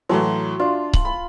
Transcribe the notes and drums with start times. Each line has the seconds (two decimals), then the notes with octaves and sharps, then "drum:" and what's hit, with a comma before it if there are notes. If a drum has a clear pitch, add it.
0.09 A2 E3 F#3 F#4 A5 C6
0.60 D4 F4
0.93 F#7, drum: kick C#1
1.05 B5